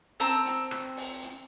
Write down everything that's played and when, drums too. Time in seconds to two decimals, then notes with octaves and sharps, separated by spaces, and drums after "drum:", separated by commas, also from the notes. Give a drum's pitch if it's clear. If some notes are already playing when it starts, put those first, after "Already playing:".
0.20 C4 A5 A#5 E6, drum: hi-hat
0.45 drum: hi-hat
0.71 drum: rim click
0.97 drum: open hi-hat
1.23 drum: hi-hat